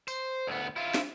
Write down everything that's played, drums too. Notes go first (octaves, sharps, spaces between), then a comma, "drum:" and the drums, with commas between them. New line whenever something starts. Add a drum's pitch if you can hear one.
C5, drum: tambourine
D2 B3
E4 F4
drum: snare